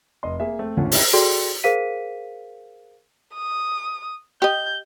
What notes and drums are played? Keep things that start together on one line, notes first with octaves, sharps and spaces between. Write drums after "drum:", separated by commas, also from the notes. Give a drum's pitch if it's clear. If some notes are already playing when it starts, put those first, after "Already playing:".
F1 D#5 C6
A#3 G#4 E5
A3 C4
G#1 D2 D3 C#4 F4
C4 D#4 E4 G4, drum: open hi-hat
F#4 G#4 A4 D5 G5 C6
G#4 A#4 C5 F5 B6 D#7
D#6
G4 D#5 G6